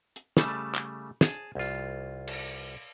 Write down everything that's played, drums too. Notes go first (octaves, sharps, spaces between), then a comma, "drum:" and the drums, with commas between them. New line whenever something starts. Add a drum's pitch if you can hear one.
drum: hi-hat
C#3 G3 A3 A5, drum: snare
drum: clap
G#4 A5, drum: snare
C2 F4
drum: cymbal